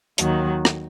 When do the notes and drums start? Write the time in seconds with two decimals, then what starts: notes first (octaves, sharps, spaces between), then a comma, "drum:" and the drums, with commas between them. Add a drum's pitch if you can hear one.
0.18 D#2 D#3 F#3, drum: hi-hat
0.65 drum: rim click